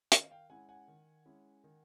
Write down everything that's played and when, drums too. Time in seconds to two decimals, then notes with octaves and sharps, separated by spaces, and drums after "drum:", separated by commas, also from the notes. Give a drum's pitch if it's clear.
0.12 D#3 D#5 F5, drum: hi-hat
0.31 F5 G5
0.50 G#3 C#4 E4 F#5 G#5
0.69 F#5 G#5
0.88 D#3
1.25 G#3 C#4 E4
1.64 D#3